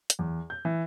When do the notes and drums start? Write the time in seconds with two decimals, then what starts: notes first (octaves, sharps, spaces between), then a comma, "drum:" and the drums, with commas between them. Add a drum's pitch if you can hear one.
0.10 drum: hi-hat
0.19 E2
0.50 G6
0.65 E3